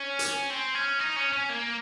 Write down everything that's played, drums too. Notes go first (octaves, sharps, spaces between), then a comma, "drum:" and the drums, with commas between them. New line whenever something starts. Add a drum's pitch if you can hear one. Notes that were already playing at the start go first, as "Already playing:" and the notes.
Already playing: C#4
drum: hi-hat
C4
C#4
D#4
C#4
C#4
A#3